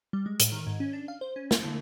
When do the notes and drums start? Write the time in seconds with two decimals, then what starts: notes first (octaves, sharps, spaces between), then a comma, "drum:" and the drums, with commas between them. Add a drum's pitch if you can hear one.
0.13 G3
0.26 G#3
0.40 A2, drum: hi-hat
0.52 D#3
0.67 G#2
0.80 C#4
0.93 D4
1.08 F5
1.21 C5
1.36 C#4
1.51 F5, drum: snare
1.64 D3